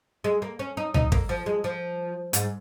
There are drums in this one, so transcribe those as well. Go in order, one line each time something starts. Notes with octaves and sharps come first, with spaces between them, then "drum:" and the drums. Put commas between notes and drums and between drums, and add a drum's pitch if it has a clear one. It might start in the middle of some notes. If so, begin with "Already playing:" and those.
G#3
A#3
C#4
D#4
D#4, drum: tom C#2
A#3, drum: kick
F3
G#3
F3
G#2, drum: hi-hat